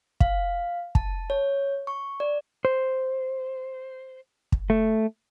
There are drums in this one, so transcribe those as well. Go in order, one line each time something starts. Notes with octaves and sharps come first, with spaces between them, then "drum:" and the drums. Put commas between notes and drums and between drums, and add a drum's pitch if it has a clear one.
F5, drum: kick
A5, drum: kick
C#5
C#6
D5
C5
drum: kick
A3